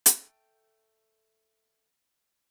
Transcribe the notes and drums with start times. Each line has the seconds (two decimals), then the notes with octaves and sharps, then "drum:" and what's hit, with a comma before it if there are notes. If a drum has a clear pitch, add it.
0.06 A3 G5, drum: hi-hat